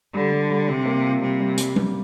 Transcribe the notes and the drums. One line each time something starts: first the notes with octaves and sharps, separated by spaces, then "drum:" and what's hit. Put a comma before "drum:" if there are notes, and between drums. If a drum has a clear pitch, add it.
D3 G3
G3
G3
C3 G3
A#3
F4
C3 G3
G3
G3, drum: hi-hat
G3, drum: tom G3